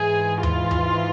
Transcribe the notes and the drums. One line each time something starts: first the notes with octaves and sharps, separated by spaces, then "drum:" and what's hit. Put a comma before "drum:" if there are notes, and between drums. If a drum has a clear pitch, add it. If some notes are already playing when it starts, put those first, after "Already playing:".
Already playing: G#2 E3 G#4
F4, drum: tom D#2
drum: tom D#2